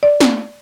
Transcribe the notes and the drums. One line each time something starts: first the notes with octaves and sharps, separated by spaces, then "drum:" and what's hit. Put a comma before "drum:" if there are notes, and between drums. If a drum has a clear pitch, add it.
D5
drum: snare